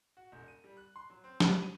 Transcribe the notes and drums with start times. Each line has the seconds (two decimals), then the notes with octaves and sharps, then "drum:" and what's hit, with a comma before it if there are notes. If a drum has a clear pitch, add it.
0.17 F#4
0.32 E1
0.48 D#7
0.64 G3
0.77 F#6
0.96 C6
1.10 F#3
1.24 C4
1.40 B5, drum: snare
1.62 D#7